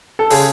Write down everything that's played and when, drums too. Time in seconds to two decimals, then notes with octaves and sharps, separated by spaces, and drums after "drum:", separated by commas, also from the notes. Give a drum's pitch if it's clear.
0.19 A4
0.30 C#3 G#4, drum: open hi-hat